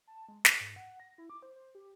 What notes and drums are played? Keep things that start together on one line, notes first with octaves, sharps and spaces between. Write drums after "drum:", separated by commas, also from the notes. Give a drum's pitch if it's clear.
A5
G#3
C#6, drum: snare
G#2
F#5
A#6
E4
D6
C5
C5
G4